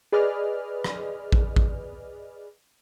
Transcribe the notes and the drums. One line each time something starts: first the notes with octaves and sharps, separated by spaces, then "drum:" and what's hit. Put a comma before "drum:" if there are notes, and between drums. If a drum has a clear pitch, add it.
G#4 B4 D5 D#5 F6
drum: rim click
drum: kick A1
drum: kick A1